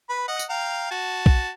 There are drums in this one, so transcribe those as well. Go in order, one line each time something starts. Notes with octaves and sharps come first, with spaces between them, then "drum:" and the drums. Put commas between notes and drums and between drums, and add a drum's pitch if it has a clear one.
B4 B5
D#5 F#5
drum: tambourine
F5 G5 A#5
F#4 A5
drum: kick